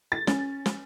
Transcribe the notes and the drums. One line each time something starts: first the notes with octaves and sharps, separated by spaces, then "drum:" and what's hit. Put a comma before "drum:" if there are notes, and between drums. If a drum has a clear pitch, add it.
A6
C#4, drum: snare
drum: snare